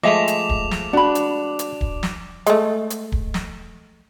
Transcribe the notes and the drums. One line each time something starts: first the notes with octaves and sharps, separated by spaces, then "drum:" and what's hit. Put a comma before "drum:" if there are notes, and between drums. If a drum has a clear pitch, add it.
F3 G#3 A3 D#5 E5 G#5 D6 F7
drum: hi-hat
drum: kick D1
drum: snare
D4 F#4 B5
drum: hi-hat
drum: hi-hat
drum: kick D1
drum: snare
G#3 A3, drum: hi-hat
drum: hi-hat
drum: kick D1
drum: snare